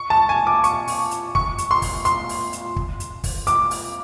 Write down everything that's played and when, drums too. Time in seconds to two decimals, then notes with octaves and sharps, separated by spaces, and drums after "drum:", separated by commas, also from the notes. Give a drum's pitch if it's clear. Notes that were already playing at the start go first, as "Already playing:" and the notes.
Already playing: C#6
0.10 A5
0.29 G#5
0.47 D6
0.64 C#6, drum: hi-hat
0.88 drum: open hi-hat
1.11 drum: hi-hat
1.35 C#6, drum: kick
1.58 drum: hi-hat
1.71 C6
1.82 drum: kick, open hi-hat
2.05 C6, drum: hi-hat
2.29 drum: open hi-hat
2.53 drum: hi-hat
2.76 drum: kick
3.00 drum: hi-hat
3.24 drum: kick, open hi-hat
3.47 D6, drum: hi-hat
3.71 drum: open hi-hat